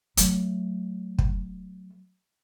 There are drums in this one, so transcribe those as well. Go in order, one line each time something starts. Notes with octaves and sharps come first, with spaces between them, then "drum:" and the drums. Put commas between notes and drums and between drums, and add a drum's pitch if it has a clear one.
F#3 A3, drum: hi-hat
drum: kick